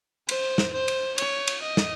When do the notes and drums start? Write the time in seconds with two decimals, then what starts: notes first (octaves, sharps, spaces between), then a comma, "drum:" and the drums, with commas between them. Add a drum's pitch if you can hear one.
0.29 C5, drum: cymbal
0.58 drum: snare
0.73 C5
0.88 drum: cymbal
1.18 C#5, drum: cymbal
1.47 drum: cymbal
1.63 D#5
1.77 drum: snare